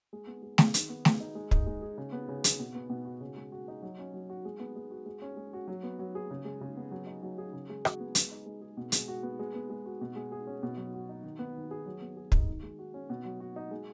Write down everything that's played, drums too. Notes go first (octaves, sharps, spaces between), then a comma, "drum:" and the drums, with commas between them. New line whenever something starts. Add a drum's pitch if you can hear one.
G#3
B3
G#3
G#4, drum: snare A3
D#3, drum: hi-hat
B3
G#4, drum: snare A3
D#4
G#3
D#4, drum: kick
G#3
G#4
C#3
B3
C#3
G#4, drum: hi-hat
B2
B3
B2
F#4
C#3
G#3
F#4
D#4
F#3
C#4
F#3
F#4
G#3
B3
G#3
F#4
G#3
C#4
G#3
F#4
F#3
B3
F#3
G#4
C#3
G#3
C#3
B3
F#3
D#4
F#3
G#4
C#3
G#3
F#4, drum: rim click
B3
G#3, drum: hi-hat
D#4
G#3
G#4
B2
G#3, drum: hi-hat
F#4
B3
G#3
B3
G#3
F#4
B2
G#3
G#4
C#4
B2
F#3
F#4
D#4
D#3
B3
D#3
G#4
F#3
B3
G#4
D#4, drum: kick
D#3
G#3
F#4
C#4
B2
F#3
F#4
D#4
G#3